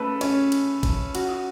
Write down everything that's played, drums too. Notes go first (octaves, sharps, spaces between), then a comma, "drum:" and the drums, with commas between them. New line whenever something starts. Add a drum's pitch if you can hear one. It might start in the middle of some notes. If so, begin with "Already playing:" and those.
Already playing: C#3 A3 A4 B4
C#4, drum: cymbal
drum: cymbal
drum: kick G#1, cymbal
F#4, drum: cymbal